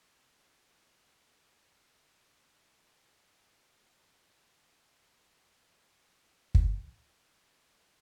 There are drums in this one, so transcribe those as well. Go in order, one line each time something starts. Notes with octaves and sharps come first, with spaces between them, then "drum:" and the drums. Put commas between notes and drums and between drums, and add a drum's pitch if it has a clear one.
D#6
F#2
C2
D#6
D5 F5
G#4 G5
F4 A#4 C5 C#5
B4
F4 G5 B5 F#6
A#3 A4 A#4 A5
E3 G3 D4 B4
A1 G#2 D#4 A4 D5
drum: kick